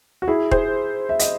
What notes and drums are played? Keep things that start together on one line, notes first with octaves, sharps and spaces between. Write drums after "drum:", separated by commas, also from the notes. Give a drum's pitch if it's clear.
F#4
E4 G#4
G#4 C5, drum: kick
E5
D#5, drum: hi-hat